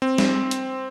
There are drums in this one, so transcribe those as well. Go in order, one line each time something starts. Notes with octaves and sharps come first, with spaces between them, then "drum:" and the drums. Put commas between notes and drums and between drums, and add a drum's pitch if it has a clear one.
C4
drum: snare
drum: hi-hat